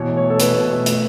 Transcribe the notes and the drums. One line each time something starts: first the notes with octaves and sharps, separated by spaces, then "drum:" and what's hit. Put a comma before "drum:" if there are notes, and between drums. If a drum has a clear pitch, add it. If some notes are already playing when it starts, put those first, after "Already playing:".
Already playing: B2 E3 C#5
A3
C#5
A3
A4
B2 B4, drum: hi-hat
B2
A3
A3, drum: hi-hat